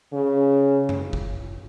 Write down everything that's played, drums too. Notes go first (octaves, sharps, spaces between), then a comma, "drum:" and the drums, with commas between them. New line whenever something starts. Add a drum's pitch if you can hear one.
C#3
drum: tom F#2
drum: kick